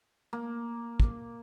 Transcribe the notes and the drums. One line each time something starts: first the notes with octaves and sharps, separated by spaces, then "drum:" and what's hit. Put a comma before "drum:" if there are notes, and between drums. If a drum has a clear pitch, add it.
A#3
drum: kick